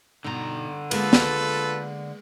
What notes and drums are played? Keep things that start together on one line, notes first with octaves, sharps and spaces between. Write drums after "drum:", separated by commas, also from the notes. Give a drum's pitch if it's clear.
B2 D3 D#4 A#5
G#3 A#3 B3 F4 A4 B4, drum: cymbal
drum: snare